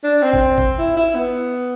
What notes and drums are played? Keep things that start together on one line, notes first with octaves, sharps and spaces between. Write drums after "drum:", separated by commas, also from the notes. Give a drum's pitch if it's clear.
D4
C4
drum: kick G#1
drum: kick G#1
E4
E4
B3